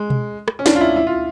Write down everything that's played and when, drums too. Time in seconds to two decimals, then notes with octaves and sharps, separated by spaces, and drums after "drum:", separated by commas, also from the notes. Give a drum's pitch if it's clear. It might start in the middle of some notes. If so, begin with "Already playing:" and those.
Already playing: G#3
0.10 drum: tom B2
0.48 drum: rim click
0.59 C#4
0.66 D4, drum: snare
0.75 F4
0.81 E4
0.96 E4
1.07 F4